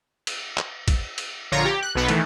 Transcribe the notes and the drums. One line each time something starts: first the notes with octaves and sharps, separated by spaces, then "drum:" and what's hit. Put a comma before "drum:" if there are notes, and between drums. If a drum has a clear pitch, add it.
drum: cymbal
drum: clap
drum: kick, cymbal
drum: cymbal
A#1 D3 F4 C#5 A#5
G4
F#6
B1 B2 B3 B4
D#3 E3 A3, drum: cymbal